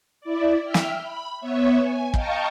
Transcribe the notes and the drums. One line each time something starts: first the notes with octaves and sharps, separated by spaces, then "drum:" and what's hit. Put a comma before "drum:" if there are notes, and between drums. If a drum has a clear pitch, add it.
E4 D5
E5 G5 F6
drum: snare
B5
B3 C#5 E5
G#5
D#5 F5 G5 A5 A#5 C#6, drum: kick